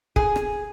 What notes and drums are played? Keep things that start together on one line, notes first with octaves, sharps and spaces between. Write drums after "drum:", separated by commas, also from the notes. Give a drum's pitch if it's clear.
G#4, drum: kick
drum: rim click